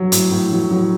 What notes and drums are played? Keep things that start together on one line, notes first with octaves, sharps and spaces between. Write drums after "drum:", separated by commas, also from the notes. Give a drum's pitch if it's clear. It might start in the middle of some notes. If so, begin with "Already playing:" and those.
Already playing: F#3
A2, drum: hi-hat
A2
F#3
F#3